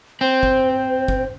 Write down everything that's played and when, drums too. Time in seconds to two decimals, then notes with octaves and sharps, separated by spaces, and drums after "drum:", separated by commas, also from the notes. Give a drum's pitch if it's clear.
0.21 C4 C5
0.43 drum: kick
1.08 drum: kick